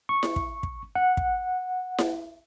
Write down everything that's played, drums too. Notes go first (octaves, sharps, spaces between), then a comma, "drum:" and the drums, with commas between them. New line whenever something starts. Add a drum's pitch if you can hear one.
C#6
drum: snare E4
drum: kick
drum: kick
F#5
drum: kick
drum: snare E4